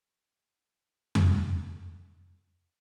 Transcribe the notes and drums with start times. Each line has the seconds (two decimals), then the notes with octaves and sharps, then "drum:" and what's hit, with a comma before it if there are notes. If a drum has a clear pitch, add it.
0.21 A#4 G5 A#5 C#6
1.15 drum: tom F2
1.69 D#3 F3 E4 B4 C#6